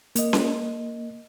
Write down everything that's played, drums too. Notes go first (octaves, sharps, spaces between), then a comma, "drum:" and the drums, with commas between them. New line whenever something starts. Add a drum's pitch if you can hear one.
A#3 D#5, drum: hi-hat
drum: snare C#4